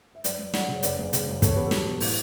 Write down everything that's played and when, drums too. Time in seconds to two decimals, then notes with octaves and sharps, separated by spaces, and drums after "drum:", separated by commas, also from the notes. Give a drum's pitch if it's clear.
0.15 E5
0.24 F#2 B4 D5, drum: hi-hat
0.39 F#2
0.54 F#3 D5 F#5, drum: snare
0.68 C#3
0.75 C#5
0.83 F#1 B4 D5, drum: hi-hat
0.98 F#1
1.13 C#3, drum: hi-hat
1.27 F#2
1.42 E2 A4 C#5, drum: kick, hi-hat
1.57 B3 G4 B4
1.67 A4
1.71 F#3 G4, drum: snare
1.86 B2
2.00 A2, drum: open hi-hat